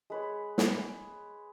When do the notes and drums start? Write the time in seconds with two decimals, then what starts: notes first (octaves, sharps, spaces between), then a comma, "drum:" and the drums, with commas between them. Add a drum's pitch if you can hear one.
0.10 G#3 B4 C#5
0.58 drum: snare